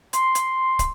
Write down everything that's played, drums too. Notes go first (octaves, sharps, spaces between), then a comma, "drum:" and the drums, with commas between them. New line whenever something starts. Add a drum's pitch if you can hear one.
C6, drum: hi-hat
drum: hi-hat
drum: kick, hi-hat